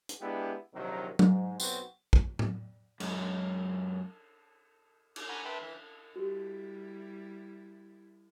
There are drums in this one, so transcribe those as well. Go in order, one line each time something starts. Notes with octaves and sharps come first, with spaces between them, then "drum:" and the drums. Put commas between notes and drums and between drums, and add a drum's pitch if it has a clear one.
drum: hi-hat
G#3 B3 D4 E4 G4
A#1 C3 D#3 F#3 D#4 A#4
G#2, drum: tom F#3
B1 B3 C4 F#4, drum: tambourine
drum: kick
drum: tom A2
F#2 G#3, drum: cymbal
D6, drum: cymbal
F#5 G#5 A#5 B5 C#6 D6
B4 E5 G5 A5 B5 C6
E3 E5
G3 E4 F#4 G4